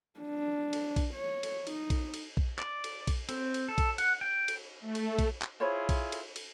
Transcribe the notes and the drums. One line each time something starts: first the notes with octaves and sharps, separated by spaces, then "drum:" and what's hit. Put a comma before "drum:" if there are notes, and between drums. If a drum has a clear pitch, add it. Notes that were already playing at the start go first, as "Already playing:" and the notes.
D4
drum: cymbal
drum: kick A#1, cymbal
C#5
drum: cymbal
D#4, drum: cymbal
drum: kick A#1, cymbal
drum: cymbal
drum: kick A#1
D5, drum: clap
drum: cymbal
drum: kick A#1, cymbal
C4, drum: cymbal
drum: cymbal
A4
drum: kick A#1, cymbal
F#5, drum: cymbal
G5
drum: cymbal
A3
drum: cymbal
drum: kick A#1, cymbal
drum: clap
E4 F4 G#4 C5 C#5 B5
drum: kick A#1, cymbal
drum: cymbal
drum: cymbal